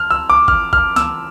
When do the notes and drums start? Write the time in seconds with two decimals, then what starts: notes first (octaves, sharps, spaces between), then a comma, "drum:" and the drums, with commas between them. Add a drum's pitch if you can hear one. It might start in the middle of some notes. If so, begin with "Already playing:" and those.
Already playing: F6
0.11 E6
0.30 D6
0.48 F6, drum: kick G1
0.73 F6, drum: kick G1
0.96 E6, drum: snare